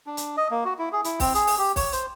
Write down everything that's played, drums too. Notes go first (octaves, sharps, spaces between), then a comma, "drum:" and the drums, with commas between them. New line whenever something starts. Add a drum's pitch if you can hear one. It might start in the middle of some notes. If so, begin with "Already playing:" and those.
D4
drum: hi-hat
D#5
A#3
F#4
E4
G#4
E4, drum: hi-hat
C4, drum: kick, open hi-hat
G#4, drum: hi-hat
drum: open hi-hat
G4
C#5, drum: kick, open hi-hat
C5, drum: hi-hat